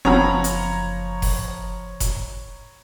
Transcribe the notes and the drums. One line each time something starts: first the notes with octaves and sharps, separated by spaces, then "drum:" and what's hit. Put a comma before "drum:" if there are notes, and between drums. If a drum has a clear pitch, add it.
F#1 F3 B3 C4 C#5 A#5 B5
drum: hi-hat
drum: kick F1, open hi-hat
drum: kick F1, hi-hat